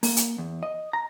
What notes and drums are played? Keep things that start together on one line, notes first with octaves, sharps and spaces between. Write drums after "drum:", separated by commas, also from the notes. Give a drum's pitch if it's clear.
A#3, drum: open hi-hat
drum: hi-hat
E2
D#5
A#5